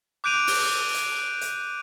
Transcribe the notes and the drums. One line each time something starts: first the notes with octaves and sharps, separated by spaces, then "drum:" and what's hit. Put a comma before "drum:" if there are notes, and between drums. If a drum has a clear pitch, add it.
D6 F#6 G6 D7 D#7 F7
drum: open hi-hat
drum: hi-hat
drum: hi-hat